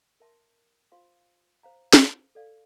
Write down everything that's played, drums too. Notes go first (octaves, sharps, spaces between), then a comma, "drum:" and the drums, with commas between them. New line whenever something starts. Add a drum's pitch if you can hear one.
A#4 E5 A5 C6
F4 C5 F5 C6
C5 F5 A#5
drum: snare
A4 D5 F5